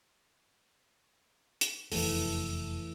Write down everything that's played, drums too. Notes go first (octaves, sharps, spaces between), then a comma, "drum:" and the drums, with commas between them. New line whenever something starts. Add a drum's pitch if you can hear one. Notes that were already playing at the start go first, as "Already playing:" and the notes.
drum: hi-hat
F1 E2 E3 A3 A4, drum: open hi-hat